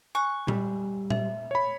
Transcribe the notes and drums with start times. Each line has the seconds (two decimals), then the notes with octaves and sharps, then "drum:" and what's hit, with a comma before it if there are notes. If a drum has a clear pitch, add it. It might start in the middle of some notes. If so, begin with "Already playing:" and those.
0.15 G#5 C#6 F#6
0.48 G3, drum: tom A#2
1.10 E5, drum: tom A#2
1.51 C#5 B5